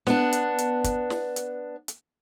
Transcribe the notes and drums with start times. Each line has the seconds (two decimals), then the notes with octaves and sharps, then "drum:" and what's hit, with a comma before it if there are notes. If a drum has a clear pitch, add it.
0.07 B3 D4, drum: snare
0.32 drum: hi-hat
0.58 drum: hi-hat
0.84 drum: kick, hi-hat
1.10 drum: snare
1.36 drum: hi-hat
1.88 drum: hi-hat